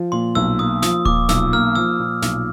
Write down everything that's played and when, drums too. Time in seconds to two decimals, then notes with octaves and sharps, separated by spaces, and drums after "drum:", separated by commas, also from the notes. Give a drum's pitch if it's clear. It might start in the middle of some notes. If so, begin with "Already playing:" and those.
Already playing: F3
0.12 A#2 C6
0.35 B1 E6
0.59 A#3 D#6
0.82 F3 D#6, drum: snare
1.05 A#2 D6, drum: kick D1
1.29 B1 E6, drum: snare
1.52 A#3 F6
1.75 F3 E6
1.99 A#2
2.22 B1, drum: snare